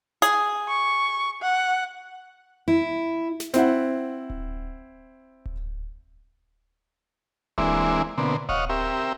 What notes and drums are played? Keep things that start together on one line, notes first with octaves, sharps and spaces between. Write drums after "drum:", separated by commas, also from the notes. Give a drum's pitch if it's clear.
G#4, drum: hi-hat
C#6
F#5
E4
drum: snare
C4 E4 F#5, drum: snare
drum: kick D1
drum: kick D1
E3 G#3 A#3 C4 D4 E4, drum: kick D1
B2 D3 A#3 C4
C#5 D#5 F5 F#5, drum: kick D1
C4 G4 A#4 E5